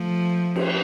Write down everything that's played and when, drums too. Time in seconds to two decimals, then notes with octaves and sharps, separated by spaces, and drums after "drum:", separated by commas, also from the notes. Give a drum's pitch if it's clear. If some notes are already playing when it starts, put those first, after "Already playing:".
Already playing: F3 A3
0.56 drum: cymbal